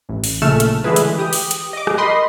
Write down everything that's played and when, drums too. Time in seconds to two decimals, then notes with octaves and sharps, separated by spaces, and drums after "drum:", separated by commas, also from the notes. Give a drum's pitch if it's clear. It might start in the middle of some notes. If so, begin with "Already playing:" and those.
0.09 A1
0.24 drum: open hi-hat
0.42 A#1 C#3 A3 A4 F6 E7
0.60 drum: hi-hat
0.84 D3 E3 G#3 E4 G#4 B4
0.96 drum: hi-hat
1.18 G4 D#6
1.33 drum: open hi-hat
1.51 drum: hi-hat
1.73 D#5 D6
1.87 drum: rim click
1.98 A#4 D#5 B5 C6